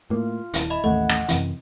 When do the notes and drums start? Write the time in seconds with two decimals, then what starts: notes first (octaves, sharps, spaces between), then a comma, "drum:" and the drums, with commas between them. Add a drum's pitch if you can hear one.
0.10 A2 A#3 F4
0.54 D#1 E4, drum: hi-hat
0.70 D#5 E5 B5
0.84 A1 D#2 A3 D#5 F#5
1.09 drum: rim click
1.28 F#2 C3 E3, drum: hi-hat